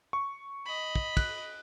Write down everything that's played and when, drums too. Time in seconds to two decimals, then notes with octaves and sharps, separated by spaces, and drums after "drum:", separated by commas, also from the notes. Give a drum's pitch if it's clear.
0.13 C#6
0.66 D#5 B5
0.95 drum: kick
1.17 F#6, drum: kick, cymbal